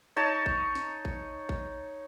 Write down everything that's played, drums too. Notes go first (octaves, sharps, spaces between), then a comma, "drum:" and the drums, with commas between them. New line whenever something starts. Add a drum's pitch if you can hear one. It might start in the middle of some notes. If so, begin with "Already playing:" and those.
D#4 C#5 A5
drum: kick A#1
drum: snare
drum: kick A#1
drum: kick A#1